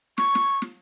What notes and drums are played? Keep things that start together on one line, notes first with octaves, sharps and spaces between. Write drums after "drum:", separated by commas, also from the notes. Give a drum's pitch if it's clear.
C#6, drum: snare
drum: snare
drum: snare